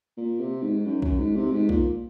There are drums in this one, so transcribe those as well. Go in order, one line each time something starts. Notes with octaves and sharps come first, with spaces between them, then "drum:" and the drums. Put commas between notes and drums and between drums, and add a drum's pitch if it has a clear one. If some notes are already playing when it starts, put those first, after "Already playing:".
A#2
C3
G#2
F#2
F#2, drum: kick A#1
G#2
C3
G#2
A#2, drum: kick A#1